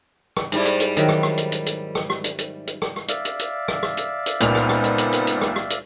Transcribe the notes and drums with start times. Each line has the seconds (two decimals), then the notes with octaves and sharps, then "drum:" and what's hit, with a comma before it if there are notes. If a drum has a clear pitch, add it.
0.37 drum: rim click
0.52 G#2 G3 E4, drum: hi-hat
0.65 drum: hi-hat
0.80 drum: hi-hat
0.97 D#3 F#3 E5, drum: hi-hat
1.09 drum: rim click
1.23 drum: rim click
1.38 drum: hi-hat
1.52 drum: hi-hat
1.66 drum: hi-hat
1.95 drum: rim click
2.10 drum: rim click
2.24 drum: hi-hat
2.39 drum: hi-hat
2.67 drum: hi-hat
2.82 drum: rim click
2.96 drum: rim click
3.08 D5 E5 F5, drum: hi-hat
3.25 drum: hi-hat
3.40 drum: hi-hat
3.68 drum: rim click
3.83 drum: rim click
3.97 drum: hi-hat
4.26 drum: hi-hat
4.40 C#2 A#2 B3 C4 D#4 F7, drum: hi-hat
4.55 drum: rim click
4.69 drum: rim click
4.84 drum: hi-hat
4.98 drum: hi-hat
5.13 drum: hi-hat
5.27 drum: hi-hat
5.41 drum: rim click
5.56 drum: rim click
5.70 drum: hi-hat